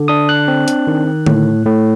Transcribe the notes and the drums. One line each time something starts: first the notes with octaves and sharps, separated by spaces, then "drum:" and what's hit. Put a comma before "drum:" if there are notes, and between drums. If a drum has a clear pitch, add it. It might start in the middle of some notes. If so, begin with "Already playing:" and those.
Already playing: D3
D4 D#6
F#6
C4
drum: hi-hat
D#3
A2, drum: tom D3
A2